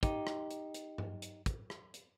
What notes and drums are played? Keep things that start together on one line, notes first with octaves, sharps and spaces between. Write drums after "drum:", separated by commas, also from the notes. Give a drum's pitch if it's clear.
D#4 G4, drum: kick, hi-hat
drum: rim click
drum: hi-hat
drum: hi-hat
drum: tom G2
drum: hi-hat
drum: kick, hi-hat
drum: rim click
drum: hi-hat